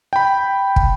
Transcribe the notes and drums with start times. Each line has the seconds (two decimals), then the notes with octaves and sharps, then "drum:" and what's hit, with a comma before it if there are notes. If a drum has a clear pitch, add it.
0.13 G5 B5
0.76 drum: kick